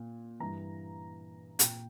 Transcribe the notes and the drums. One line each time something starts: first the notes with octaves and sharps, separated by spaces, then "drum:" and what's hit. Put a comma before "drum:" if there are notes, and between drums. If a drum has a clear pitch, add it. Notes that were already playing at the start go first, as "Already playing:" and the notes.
Already playing: A#2
G2 E3 A#5
A#2 G5, drum: hi-hat